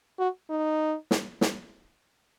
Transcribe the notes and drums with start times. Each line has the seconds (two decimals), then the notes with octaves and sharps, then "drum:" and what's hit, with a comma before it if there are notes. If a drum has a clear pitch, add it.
0.19 F#4
0.50 D#4
1.11 drum: snare
1.41 drum: snare